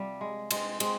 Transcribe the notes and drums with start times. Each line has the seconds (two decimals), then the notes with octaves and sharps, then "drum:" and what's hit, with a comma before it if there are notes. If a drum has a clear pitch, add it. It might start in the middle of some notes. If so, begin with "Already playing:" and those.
Already playing: C3 F3 G3
0.21 G#3
0.51 G#3 C4, drum: cymbal
0.80 G#3 C4, drum: cymbal